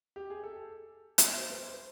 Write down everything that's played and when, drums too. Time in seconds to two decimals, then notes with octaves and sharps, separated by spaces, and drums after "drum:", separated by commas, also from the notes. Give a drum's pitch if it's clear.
0.16 G4
0.30 G#4
0.43 A4
1.18 drum: hi-hat
1.36 C5
1.51 B4
1.67 C5